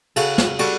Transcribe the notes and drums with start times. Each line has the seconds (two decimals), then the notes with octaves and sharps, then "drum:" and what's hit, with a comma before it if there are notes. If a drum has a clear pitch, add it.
0.16 C#3 F#4 A4, drum: cymbal
0.38 drum: snare
0.59 G3 F#4 A4, drum: cymbal